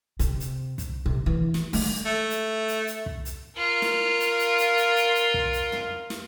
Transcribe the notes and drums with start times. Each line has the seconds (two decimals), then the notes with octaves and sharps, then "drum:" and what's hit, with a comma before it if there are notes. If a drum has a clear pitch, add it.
0.19 C3, drum: hi-hat
0.40 drum: hi-hat
0.78 drum: kick, hi-hat
1.06 C3
1.26 E3
1.54 drum: snare
1.73 G#3, drum: open hi-hat
2.05 A3
2.30 drum: hi-hat
2.68 drum: hi-hat
2.87 drum: hi-hat
3.06 drum: kick
3.25 drum: hi-hat
3.57 F4 A#4
3.82 drum: snare
4.20 drum: hi-hat
4.39 drum: hi-hat
4.58 drum: hi-hat
4.77 drum: hi-hat
4.96 drum: hi-hat
5.15 drum: hi-hat
5.34 drum: kick
5.53 drum: hi-hat
5.72 drum: tom
6.10 drum: snare